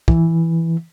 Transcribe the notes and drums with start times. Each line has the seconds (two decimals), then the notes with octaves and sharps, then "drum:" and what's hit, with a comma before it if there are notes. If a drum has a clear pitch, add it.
0.08 E3, drum: kick